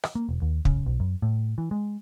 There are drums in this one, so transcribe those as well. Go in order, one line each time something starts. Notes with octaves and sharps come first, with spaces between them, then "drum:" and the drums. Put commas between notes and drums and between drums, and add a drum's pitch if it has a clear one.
drum: rim click
A#3
E1
D#2
C#3, drum: kick
B1
F#2
A2
E3
G#3